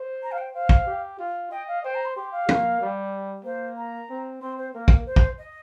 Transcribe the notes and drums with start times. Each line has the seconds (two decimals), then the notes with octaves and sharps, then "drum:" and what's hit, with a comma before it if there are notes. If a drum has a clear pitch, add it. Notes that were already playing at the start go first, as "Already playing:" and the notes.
Already playing: C5
0.23 A#5
0.32 F5
0.38 G5
0.54 C5 F5
0.69 drum: kick
0.86 G4
1.19 F4
1.51 D#5 G5
1.68 F5
1.84 C5 G5
1.95 A#5
2.05 C6
2.16 G4 C6
2.32 F5
2.49 A#3, drum: tom
2.81 G3
3.44 A#3 C5
3.77 A#5
4.09 C4
4.42 C4 C6
4.57 C5
4.74 A#3 A#4
4.88 drum: kick
5.06 C5
5.16 drum: kick
5.38 D#5